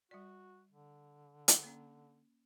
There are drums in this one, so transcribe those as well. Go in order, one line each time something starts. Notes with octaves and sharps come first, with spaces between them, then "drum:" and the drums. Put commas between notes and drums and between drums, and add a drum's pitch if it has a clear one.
G3 F#4 D5
D3
drum: hi-hat
A#3 C#4